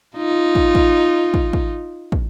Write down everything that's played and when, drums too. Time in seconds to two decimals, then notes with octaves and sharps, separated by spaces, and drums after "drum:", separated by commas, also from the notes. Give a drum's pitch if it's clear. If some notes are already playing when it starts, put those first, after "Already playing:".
0.16 D#4 F4
0.55 drum: kick
0.75 drum: kick
1.34 drum: kick
1.53 drum: kick
2.12 drum: kick